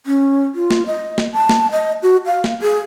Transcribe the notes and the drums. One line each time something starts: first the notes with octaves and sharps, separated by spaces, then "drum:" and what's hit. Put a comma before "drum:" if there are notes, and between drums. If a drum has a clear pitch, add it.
C#4
F4
drum: snare
D#5
drum: snare
A5
drum: snare
D#5
F#4
F5
drum: snare
G#4